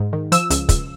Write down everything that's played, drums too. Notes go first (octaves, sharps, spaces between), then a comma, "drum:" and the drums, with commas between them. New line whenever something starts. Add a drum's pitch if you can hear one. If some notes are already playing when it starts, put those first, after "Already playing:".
Already playing: G#2
D#3
F3 E6, drum: hi-hat
C#2, drum: hi-hat
C#2, drum: kick, hi-hat